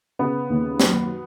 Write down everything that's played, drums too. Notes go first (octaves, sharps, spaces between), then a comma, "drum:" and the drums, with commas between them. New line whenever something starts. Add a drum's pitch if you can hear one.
C#3 B3
D#2
F#3, drum: snare